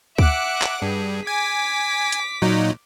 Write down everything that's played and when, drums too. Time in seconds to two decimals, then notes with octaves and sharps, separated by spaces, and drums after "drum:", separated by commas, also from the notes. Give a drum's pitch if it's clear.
0.18 E5 F#5 D6 F#6, drum: kick D2
0.62 drum: clap
0.82 G2 G#4
1.27 G#5 D6 B6
2.12 drum: hi-hat
2.42 A#2 F#3 D#4